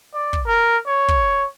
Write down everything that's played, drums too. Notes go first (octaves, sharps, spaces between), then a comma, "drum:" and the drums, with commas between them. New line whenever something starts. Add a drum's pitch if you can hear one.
D5
drum: kick
A#4
C#5
drum: kick